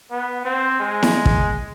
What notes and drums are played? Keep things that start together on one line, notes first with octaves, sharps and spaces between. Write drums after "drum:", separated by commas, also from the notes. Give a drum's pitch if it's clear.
B3
C4
G#3
drum: snare E4
drum: kick